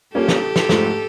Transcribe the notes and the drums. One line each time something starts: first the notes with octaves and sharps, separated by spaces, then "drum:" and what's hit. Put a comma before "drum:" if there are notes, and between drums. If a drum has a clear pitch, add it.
G3 A#3 C#4 F4 G4 A4
drum: snare
drum: snare
G#2 F3 A3, drum: snare